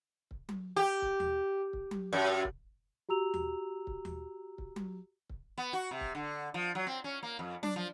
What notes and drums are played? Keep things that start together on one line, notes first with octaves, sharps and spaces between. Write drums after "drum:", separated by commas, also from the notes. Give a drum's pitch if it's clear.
drum: kick C#1
drum: tom F#3
G4
drum: kick C#1
drum: tom D#2
drum: kick C#1
drum: tom F#3
F#2
drum: kick C#1
F#4 G4 A#5 E6 F7
drum: tom D#2
drum: kick C#1
drum: tom D#2
drum: kick C#1
drum: tom F#3
drum: kick C#1
B3
F#4
C3
drum: kick C#1
D3
F3
F#3
C4
C#4
A#3
F2
D4, drum: tom F#3
F3